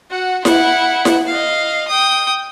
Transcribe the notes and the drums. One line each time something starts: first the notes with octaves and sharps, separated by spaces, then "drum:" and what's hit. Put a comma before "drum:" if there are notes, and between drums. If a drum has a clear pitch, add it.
F#4 F#5
E4 F#5, drum: snare E4
drum: snare E4
D#5 F5
G5 D#6